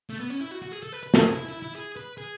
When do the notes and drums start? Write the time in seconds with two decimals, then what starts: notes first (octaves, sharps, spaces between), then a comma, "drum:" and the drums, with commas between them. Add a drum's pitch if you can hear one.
0.10 A3
0.20 B3
0.30 C#4
0.41 E4
0.51 F#4
0.62 F#4
0.72 G#4
0.83 A4
0.92 B4
1.03 B4
1.14 A4, drum: snare
1.25 G#4
1.34 E4
1.49 E4
1.62 E4
1.76 G#4
1.97 B4
2.18 G#4